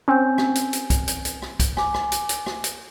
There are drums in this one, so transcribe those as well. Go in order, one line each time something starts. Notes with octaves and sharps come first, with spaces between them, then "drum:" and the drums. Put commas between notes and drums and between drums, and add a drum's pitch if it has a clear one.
C4 C#4 G#5 G6
drum: rim click
drum: hi-hat
drum: hi-hat
drum: kick C2, hi-hat
drum: hi-hat
drum: hi-hat
drum: rim click
drum: kick C2, hi-hat
G#5 D6, drum: rim click
drum: rim click
drum: hi-hat
drum: hi-hat
drum: rim click
drum: hi-hat